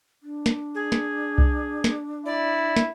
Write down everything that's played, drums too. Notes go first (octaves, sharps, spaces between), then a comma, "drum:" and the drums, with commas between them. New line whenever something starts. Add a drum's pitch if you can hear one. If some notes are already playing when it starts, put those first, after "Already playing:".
D4
drum: snare
G#4
drum: snare
drum: kick C2
drum: snare
E4 D5
drum: snare